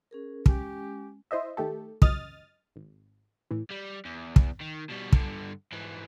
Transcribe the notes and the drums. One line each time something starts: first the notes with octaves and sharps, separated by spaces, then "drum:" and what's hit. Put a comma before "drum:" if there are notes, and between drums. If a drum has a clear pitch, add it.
C#4 G#4 A#4
G#3 C#4 G4 G#5, drum: kick
E4 C5 D#5 E5
D#3 A3 G4 A4
C#2 F#2 D#5 D#6 F6 A6, drum: kick
G#1
A2 E3
G3
E2
drum: kick
D#3
B2 G3
G2 D3, drum: kick
G#2 E3